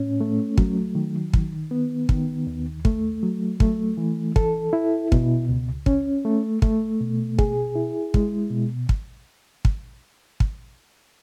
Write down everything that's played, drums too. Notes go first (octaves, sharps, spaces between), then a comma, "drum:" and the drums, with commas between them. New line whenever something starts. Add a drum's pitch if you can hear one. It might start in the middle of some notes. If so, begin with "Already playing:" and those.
Already playing: A2 C#4
A3
F#3, drum: kick
D#3
D#3, drum: kick
B3
D#3, drum: kick
D#2
A3, drum: kick
F#3
A3, drum: kick
E3
A4, drum: kick
E4
B2, drum: kick
C#2
C#4, drum: kick
A3
A3, drum: kick
B2
G#4, drum: kick
E4
G#3, drum: kick
B2
drum: kick
drum: kick
drum: kick